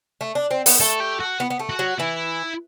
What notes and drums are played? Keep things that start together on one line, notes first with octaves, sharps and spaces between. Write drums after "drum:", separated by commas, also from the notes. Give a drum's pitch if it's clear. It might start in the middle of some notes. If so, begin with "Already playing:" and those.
A3
D4
C4
B3, drum: open hi-hat
A3 A4
G4
F#4
B3
B3
A3
F#4
F#3
E3 E4